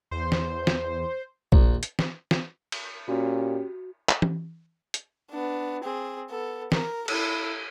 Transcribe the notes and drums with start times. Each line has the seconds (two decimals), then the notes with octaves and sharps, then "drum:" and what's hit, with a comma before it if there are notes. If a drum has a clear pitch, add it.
0.11 E2 C5
0.32 drum: snare
0.67 drum: snare
1.52 A#1 D#2, drum: kick A#1
1.83 drum: hi-hat
1.99 drum: snare
2.31 drum: snare
2.72 drum: cymbal
3.08 A#2 C#4 F#4 G4
4.09 drum: clap
4.22 drum: tom E3
4.94 drum: hi-hat
5.31 B3 D4
5.83 C4 G#4
6.30 B3 A4
6.72 A#4, drum: snare
7.08 E4 A4, drum: cymbal